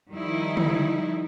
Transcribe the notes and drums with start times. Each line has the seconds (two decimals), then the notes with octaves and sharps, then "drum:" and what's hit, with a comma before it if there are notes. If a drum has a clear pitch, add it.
0.10 D#3 F3 G3 D#4 E4
0.57 drum: tom